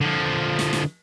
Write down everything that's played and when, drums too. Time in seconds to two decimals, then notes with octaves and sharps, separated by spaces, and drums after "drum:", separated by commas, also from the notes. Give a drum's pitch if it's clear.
0.01 D3 F3
0.59 drum: snare
0.73 drum: snare